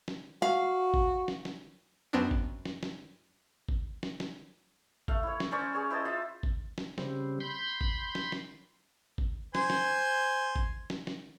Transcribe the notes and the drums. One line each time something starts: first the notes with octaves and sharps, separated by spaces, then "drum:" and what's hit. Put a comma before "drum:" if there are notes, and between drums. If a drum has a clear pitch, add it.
drum: snare
F#4 F5
drum: kick G#1
drum: snare
drum: snare
F#2 B3 C4 D4
drum: kick G#1
drum: snare
drum: snare
drum: kick G#1
drum: snare
drum: snare
A3 F5, drum: kick G#1
E4 C#5
drum: snare
C#4 C5 D5 C#6
G#4 C#5 G#5
E4 C5 D#5 A5
F4 E5
drum: kick G#1
drum: snare
C#3 G3 C4, drum: snare
B5 C6 G6
drum: kick G#1
drum: snare
drum: snare
drum: kick G#1
C5 G#5 C6, drum: snare
drum: snare
drum: kick G#1
drum: snare
drum: snare